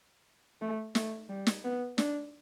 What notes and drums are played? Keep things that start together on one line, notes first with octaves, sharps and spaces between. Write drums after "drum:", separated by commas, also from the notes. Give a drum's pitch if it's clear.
A3
A3, drum: snare
G3
drum: snare
B3
D4, drum: snare